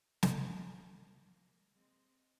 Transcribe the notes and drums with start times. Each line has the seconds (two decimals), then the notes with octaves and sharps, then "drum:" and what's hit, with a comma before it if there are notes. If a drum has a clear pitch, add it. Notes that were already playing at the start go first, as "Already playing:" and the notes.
0.23 A#4, drum: snare
0.56 A#3
1.72 G#3 C4